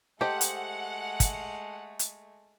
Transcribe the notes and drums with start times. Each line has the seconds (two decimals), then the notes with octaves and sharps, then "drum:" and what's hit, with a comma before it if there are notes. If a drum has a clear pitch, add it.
0.21 G#3 A3 G4 A4 C5 D#5 F#5
0.41 drum: hi-hat
1.20 drum: kick, hi-hat
1.99 drum: hi-hat